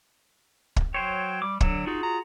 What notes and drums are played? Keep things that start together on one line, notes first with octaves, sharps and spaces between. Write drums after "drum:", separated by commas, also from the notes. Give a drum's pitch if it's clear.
drum: kick
F#3 C5 C#5 G5
G3 D6
D3 F#3, drum: kick
D#4 F4 F#4 G#4
A#5